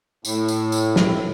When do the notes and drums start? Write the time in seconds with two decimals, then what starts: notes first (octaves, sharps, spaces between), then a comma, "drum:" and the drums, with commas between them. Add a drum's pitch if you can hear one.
0.25 A2, drum: tambourine
0.48 drum: tambourine
0.72 drum: tambourine
0.96 drum: snare